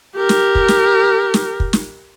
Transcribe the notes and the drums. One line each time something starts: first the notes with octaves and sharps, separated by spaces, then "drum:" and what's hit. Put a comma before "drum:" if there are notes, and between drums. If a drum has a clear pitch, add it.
G4 A#4
drum: snare
drum: kick
drum: snare
drum: snare
drum: kick
drum: snare